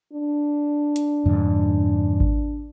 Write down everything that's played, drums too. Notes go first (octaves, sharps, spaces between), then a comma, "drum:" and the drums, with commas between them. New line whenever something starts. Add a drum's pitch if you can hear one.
D4
drum: hi-hat
F2 G#2 D3
drum: kick G#1